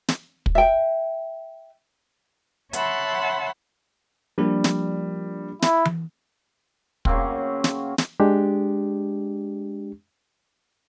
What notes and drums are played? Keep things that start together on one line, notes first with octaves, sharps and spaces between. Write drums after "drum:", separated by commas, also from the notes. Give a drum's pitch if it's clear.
drum: snare
drum: kick
E5 G5
C#5 E5 F#5 A5 B5 C6, drum: hi-hat
F3 G3 A#3 D4
drum: snare
E4, drum: snare
drum: tom E3
C#3 F#3 A#3 C4, drum: kick
drum: snare
drum: snare
G#3 D4 G4